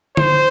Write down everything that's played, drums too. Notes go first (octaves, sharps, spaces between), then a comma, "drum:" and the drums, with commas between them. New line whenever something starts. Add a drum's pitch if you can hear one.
C5, drum: tom D3